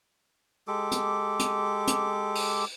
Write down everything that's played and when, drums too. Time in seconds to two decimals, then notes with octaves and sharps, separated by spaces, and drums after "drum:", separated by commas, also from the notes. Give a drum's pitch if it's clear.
0.68 G#3 G4 A4 D6
0.92 drum: hi-hat
1.40 drum: hi-hat
1.87 drum: hi-hat
2.35 drum: open hi-hat